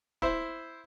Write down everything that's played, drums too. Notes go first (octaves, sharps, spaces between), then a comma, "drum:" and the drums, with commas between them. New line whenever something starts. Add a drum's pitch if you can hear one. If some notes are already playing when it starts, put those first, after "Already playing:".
E4 C5, drum: kick